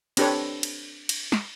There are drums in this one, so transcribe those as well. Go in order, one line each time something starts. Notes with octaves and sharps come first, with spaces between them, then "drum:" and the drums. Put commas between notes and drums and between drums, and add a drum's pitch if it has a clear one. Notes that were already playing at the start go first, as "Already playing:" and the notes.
C4 D4 G4 A4 B4 C#5, drum: cymbal
drum: cymbal
drum: cymbal
drum: snare